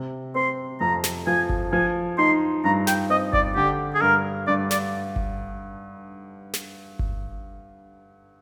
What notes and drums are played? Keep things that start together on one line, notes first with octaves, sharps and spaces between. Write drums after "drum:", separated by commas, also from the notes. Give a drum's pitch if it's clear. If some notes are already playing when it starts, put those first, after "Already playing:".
Already playing: C3
C4 C6
F2 A#5
drum: snare
F3 G#5
drum: kick G1
F3 G#5
D#4 C6
G2 A#5
G5, drum: snare
C4 D#5
D5, drum: kick G1
D3 G4
G#4
G2 A#4
G2 D5
D5, drum: snare
drum: kick G1
drum: snare
drum: kick G1